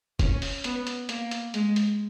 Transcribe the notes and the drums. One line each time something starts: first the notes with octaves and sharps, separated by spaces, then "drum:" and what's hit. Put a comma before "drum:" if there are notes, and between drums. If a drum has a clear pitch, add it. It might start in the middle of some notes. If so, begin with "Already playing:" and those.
C#4, drum: kick, hi-hat
drum: open hi-hat
B3, drum: hi-hat
drum: hi-hat
A#3, drum: hi-hat
drum: hi-hat
G#3, drum: hi-hat
drum: hi-hat